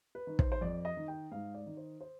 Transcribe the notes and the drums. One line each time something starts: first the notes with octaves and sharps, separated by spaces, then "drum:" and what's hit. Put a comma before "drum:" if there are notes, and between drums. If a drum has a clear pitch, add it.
B4
D#3
C5, drum: kick
C5
F2 D5
D#5
D#3
G5
G#2 F5
D5
D#3
C5
C5